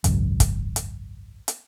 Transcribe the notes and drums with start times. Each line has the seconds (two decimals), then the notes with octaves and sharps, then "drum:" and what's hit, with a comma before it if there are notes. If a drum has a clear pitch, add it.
0.04 G#1 C#2 F#2, drum: hi-hat
0.40 drum: kick, hi-hat
0.76 drum: hi-hat
1.48 drum: hi-hat